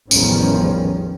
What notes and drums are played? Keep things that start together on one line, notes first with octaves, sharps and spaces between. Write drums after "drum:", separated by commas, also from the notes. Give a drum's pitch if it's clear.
A1 E2 D#3 F3 G3 C#4, drum: tambourine